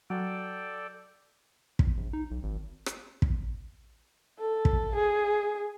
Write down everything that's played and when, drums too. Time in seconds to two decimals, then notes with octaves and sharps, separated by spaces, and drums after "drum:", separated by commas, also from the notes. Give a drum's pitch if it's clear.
0.10 F#3 A4 D5 G5
1.79 drum: kick
1.97 A#1
2.13 D#4
2.31 B1
2.43 G#1
2.86 drum: rim click
3.22 drum: kick
4.39 A4
4.65 drum: kick
4.95 G#4